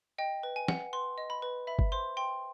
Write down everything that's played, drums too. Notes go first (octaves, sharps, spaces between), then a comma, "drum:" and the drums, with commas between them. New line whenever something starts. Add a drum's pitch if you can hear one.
D#5 G5
B4
G#5
F#5, drum: snare
B4 C6
D#5
B5
B4
E5 B5
drum: kick G1
C5 C6
G5 C6